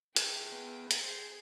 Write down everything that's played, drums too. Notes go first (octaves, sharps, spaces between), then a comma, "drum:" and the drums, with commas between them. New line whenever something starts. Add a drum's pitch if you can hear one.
G#4 E5 G5, drum: hi-hat
B3
drum: hi-hat
G#4 C5